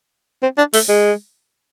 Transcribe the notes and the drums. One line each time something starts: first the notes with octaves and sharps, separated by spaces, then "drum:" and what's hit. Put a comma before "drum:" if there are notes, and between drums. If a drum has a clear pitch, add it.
C4
D4
A3, drum: open hi-hat
G#3